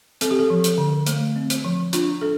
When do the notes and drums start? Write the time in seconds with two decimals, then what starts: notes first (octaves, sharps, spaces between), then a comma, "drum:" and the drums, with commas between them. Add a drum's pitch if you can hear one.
0.21 C4 A4, drum: hi-hat
0.31 G4
0.39 A4
0.50 F3
0.64 drum: hi-hat
0.78 D3
1.06 A3, drum: hi-hat
1.36 C4
1.50 drum: hi-hat
1.65 F3
1.93 D4 F4, drum: hi-hat
2.21 D4 A4